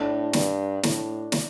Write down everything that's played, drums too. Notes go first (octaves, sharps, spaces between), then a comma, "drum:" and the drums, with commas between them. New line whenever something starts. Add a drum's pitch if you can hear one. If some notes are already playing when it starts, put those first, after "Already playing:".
Already playing: A2 D4
G2, drum: snare
A2, drum: snare
drum: snare